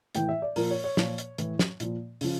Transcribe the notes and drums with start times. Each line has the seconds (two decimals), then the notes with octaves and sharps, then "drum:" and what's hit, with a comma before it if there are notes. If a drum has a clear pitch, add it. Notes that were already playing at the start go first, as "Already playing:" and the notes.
0.15 A2 E3 G5, drum: hi-hat
0.29 E5
0.42 D5
0.56 A#2 F3 A#4, drum: open hi-hat
0.71 C#5
0.84 C#5
0.97 A#2 F3, drum: snare
1.18 drum: hi-hat
1.38 A2 E3, drum: hi-hat
1.59 drum: snare
1.80 A#2 F3, drum: hi-hat
2.21 C#3 F3, drum: open hi-hat